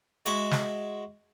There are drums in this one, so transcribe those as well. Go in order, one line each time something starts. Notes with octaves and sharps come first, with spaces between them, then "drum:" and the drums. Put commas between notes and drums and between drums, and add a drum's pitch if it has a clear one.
G#3 F#4 E5 D6, drum: hi-hat
drum: snare